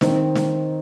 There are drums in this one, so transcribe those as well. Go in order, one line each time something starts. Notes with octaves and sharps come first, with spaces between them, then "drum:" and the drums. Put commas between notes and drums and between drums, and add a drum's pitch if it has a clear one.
D#3 C4 D#4, drum: snare
drum: snare